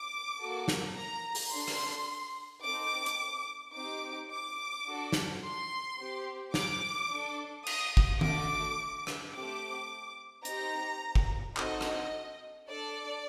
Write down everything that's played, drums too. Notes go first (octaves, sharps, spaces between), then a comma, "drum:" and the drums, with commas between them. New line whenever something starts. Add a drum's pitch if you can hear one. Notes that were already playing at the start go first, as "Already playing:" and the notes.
Already playing: D6
A#3 F#4 A4
drum: snare
A#5
drum: open hi-hat
D4 A4 C6
drum: rim click
C4 D#4 A4 D6
drum: hi-hat
C4 D#4 G4 D6
D6
D4 F#4 A4
drum: snare
C6
C4 G4
D6, drum: snare
D4 A4
D#6, drum: cymbal
drum: kick
A3 D4 F#4 A4 D6, drum: tom D#3
drum: rim click
A3 C4 G4 D6
C4 D#4 G4 A#5, drum: hi-hat
drum: kick
C4 D#4 F#4 A4 D#5, drum: clap
drum: rim click
D4 A4 D5